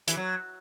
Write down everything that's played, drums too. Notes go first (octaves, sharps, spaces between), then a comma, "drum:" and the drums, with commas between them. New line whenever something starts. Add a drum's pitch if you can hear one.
E3, drum: hi-hat
F#3